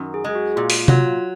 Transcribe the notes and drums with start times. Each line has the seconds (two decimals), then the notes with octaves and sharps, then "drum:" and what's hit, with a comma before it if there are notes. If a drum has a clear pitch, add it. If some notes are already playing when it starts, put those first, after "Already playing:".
Already playing: F#2 D#3
0.14 G#4
0.24 G#3 G#4
0.35 F#4
0.56 A#2 F4
0.70 drum: open hi-hat
0.88 F#3 F4, drum: tom